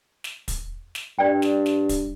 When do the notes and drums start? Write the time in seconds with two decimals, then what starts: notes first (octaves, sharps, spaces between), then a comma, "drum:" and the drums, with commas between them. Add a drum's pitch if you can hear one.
0.24 drum: snare
0.48 drum: kick, hi-hat
0.95 drum: snare
1.19 G2 D5 G5
1.42 drum: snare
1.66 drum: snare
1.89 drum: kick, hi-hat